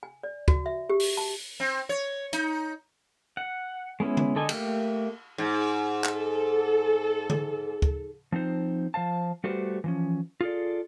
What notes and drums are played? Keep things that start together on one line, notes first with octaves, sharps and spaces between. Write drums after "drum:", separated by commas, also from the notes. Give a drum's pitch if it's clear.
G#5
D5
F#4, drum: kick
E5
G4
drum: open hi-hat
A5
C4
C#5
D#4, drum: hi-hat
F#5
G#3 B3 C#4 E4
drum: tom D3
D3 A4 D#5 G#5
A3 A#3 G4, drum: cymbal
G#2
A4, drum: clap
drum: tom D3
drum: kick
F3 C4 D#4 C5
F3 C5 F5 A5
G3 A3 F#4 G4 B4 C5
E3 F3 C#4
F4 G#4 A4 D5